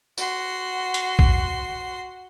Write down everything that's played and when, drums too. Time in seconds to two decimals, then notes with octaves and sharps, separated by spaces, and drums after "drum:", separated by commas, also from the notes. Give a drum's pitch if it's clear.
0.18 F#4 C6, drum: tambourine
0.94 drum: hi-hat
1.19 drum: kick B1